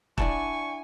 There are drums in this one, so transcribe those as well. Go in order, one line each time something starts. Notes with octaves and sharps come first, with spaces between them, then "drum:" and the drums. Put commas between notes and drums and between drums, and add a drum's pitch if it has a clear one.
D4 E4 D5 F#5 G#5 A5 C#6, drum: kick